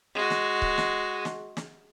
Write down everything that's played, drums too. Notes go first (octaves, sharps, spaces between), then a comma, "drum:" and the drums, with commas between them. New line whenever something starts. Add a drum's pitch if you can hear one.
G#3 F#4
drum: snare
drum: kick C#1
drum: snare
drum: snare
drum: snare